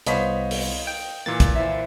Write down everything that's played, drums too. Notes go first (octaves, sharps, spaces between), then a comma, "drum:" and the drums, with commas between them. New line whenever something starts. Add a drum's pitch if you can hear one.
C2 B3 C5 C#5 D#5 F5 B5 B6, drum: hi-hat
drum: open hi-hat
G5
A#2 E3 A#3 A6
drum: kick, hi-hat
E4 C5 E5